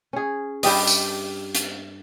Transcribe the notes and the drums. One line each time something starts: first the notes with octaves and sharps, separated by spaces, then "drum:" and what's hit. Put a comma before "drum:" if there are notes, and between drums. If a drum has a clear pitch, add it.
C#4 G#4
G2 G3 G4 D#5, drum: open hi-hat
drum: tambourine
drum: hi-hat